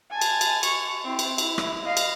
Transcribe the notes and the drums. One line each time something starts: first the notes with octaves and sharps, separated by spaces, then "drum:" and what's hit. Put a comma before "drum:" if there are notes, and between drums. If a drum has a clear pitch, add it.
G#5 A5
drum: cymbal
drum: cymbal
C#6, drum: cymbal
C4 E4
drum: cymbal
E4, drum: cymbal
drum: rim click
D#5 F5
drum: cymbal